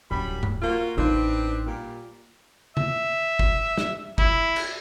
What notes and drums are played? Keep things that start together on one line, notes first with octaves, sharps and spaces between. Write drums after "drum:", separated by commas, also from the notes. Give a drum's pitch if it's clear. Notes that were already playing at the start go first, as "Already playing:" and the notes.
D1 F#2 G3 B5
drum: tom G2
A#3 F4 F#4
A1 C4 D4 D#4 B4
A#2 G3
E5, drum: tom
drum: kick G1
drum: snare
E4, drum: kick G1
drum: cymbal